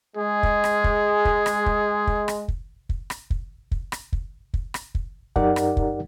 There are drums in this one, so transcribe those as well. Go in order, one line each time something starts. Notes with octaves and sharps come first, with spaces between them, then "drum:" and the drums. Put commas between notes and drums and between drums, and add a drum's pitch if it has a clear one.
G#3 G#4
drum: kick
drum: rim click
drum: kick
drum: kick
drum: rim click
drum: kick
drum: kick
drum: rim click
drum: kick
drum: kick
drum: rim click
drum: kick
drum: kick
drum: rim click
drum: kick
drum: kick
drum: rim click
drum: kick
F#2 D#4 G4 A#4 D5 F#5, drum: kick
drum: rim click
drum: kick